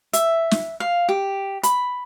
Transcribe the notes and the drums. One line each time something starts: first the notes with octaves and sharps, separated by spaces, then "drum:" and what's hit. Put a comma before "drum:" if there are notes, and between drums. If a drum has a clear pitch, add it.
E5, drum: hi-hat
drum: snare
F5
G4
B5, drum: hi-hat